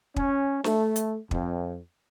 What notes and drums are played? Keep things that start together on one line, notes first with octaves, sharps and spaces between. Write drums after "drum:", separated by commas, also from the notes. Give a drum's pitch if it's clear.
C#4, drum: kick
A3, drum: snare
drum: hi-hat
F2, drum: kick